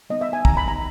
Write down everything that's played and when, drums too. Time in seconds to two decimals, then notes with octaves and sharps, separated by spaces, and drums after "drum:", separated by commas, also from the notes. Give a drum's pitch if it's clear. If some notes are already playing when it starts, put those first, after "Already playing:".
0.10 G3 B3 D#4 D#5
0.21 E5
0.33 G#5
0.45 B3 D#4 G4 A#5, drum: kick
0.57 B5
0.68 A#5